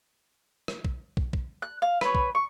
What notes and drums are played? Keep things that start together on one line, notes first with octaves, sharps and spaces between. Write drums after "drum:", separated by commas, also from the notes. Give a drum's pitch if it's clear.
drum: rim click
drum: kick
drum: kick
drum: kick
F#6
F5
B4 C#5, drum: rim click
drum: kick
C#6